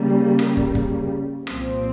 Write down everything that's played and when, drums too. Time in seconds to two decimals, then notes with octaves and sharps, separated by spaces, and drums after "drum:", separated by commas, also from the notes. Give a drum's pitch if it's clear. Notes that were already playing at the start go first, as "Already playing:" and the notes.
Already playing: C#3 G3 A#3
0.39 drum: rim click
0.57 drum: kick
0.75 drum: kick
1.47 C2 A#2 F3 C4, drum: rim click